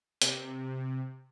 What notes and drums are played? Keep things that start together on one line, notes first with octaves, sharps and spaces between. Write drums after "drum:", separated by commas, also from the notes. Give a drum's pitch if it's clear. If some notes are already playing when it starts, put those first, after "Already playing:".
C3, drum: hi-hat